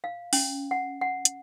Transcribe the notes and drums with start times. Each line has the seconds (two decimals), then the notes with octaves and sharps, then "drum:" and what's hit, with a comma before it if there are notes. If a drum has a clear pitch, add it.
0.04 F5
0.33 C#4, drum: open hi-hat
0.71 F#5
1.01 F#5
1.25 drum: hi-hat